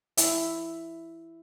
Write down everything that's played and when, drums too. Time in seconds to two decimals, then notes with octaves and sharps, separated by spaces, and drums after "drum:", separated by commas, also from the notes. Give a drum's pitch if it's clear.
0.17 E4 E5, drum: hi-hat